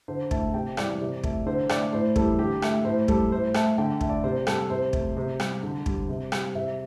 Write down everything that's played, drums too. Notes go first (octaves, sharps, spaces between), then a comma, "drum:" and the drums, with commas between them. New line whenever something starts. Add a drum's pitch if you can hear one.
D3 C5
A3 A5, drum: kick
C3 G5
E3 G3 D5, drum: rim click
C3
A3, drum: kick
D3 C5
A3 D5, drum: rim click
A2 C5
E3 G3 A4, drum: kick
D3 G4
A3 A4, drum: rim click
A2 C5
G3 A4, drum: kick
A2 C5
A3 A5, drum: rim click
D3 G5
A3, drum: kick
D5
C3 C5
G3 A4, drum: rim click
C3 C5
A3, drum: kick
C3
G3, drum: rim click
D3
G3, drum: kick
C3
G3, drum: rim click
C3 E5